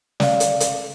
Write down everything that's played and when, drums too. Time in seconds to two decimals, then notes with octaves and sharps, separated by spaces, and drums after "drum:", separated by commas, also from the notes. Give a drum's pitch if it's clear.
0.20 D5 F5, drum: snare
0.40 drum: hi-hat
0.60 drum: hi-hat